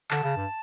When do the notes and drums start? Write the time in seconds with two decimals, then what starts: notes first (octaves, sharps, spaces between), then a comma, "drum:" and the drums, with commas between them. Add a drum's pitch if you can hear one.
0.11 D3 A5, drum: clap
0.24 C#3
0.37 G2